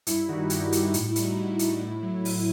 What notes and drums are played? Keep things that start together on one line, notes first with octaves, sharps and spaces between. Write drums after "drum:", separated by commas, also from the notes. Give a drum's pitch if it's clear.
G2 E4, drum: hi-hat
D#3 G3 D#4 F#4
G2 E4 G4, drum: hi-hat
E4 G4
D#3 G3, drum: hi-hat
D#4 F#4
A2, drum: hi-hat
E4
G3, drum: hi-hat
D#4 F#4
A2 E4
G3 E4, drum: hi-hat
E4
A2 E4
F#3
A2, drum: open hi-hat